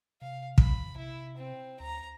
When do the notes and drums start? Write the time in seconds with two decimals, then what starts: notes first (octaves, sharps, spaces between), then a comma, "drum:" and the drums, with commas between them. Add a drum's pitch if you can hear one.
0.22 C3 F5
0.58 B5, drum: kick
0.97 E4
1.37 C4
1.80 D2 A#5